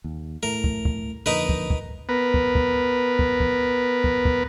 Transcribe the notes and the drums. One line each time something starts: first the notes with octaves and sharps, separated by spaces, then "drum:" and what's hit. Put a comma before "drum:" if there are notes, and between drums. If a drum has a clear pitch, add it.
D#2
A2 A3 A#4
drum: kick
drum: kick
F2 A#2 D3 D#4 A#4 B4
drum: kick
drum: kick
B3 A#4 B4
drum: kick
drum: kick
drum: kick
drum: kick
drum: kick
drum: kick